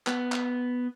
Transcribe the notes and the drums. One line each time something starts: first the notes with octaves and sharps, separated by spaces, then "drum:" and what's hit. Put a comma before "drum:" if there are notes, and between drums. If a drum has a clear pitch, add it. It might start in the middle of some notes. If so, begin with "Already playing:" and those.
B3, drum: clap
drum: clap